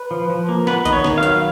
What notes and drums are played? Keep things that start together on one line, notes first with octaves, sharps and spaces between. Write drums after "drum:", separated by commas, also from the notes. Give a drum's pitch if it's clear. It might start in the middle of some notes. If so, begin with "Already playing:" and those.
Already playing: B4
F3
F3
A#3
B3 B4, drum: snare
D#3 D#5, drum: kick A1, hi-hat
C#5
D#3, drum: snare
F5
F#3, drum: hi-hat